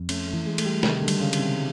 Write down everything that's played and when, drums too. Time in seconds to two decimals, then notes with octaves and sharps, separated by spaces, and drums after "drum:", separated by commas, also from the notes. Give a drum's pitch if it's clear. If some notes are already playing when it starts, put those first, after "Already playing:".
Already playing: F2
0.09 A3 C#4, drum: cymbal
0.27 A3
0.33 E3
0.46 G#3
0.58 A3, drum: cymbal
0.65 G3
0.83 C3 D#3, drum: snare
1.02 D3
1.08 G3, drum: cymbal
1.21 C#3
1.33 G3, drum: cymbal
1.39 C3